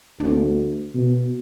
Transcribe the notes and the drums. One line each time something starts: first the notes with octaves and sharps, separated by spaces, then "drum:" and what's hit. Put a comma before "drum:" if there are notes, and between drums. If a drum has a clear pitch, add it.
D2, drum: tom
B2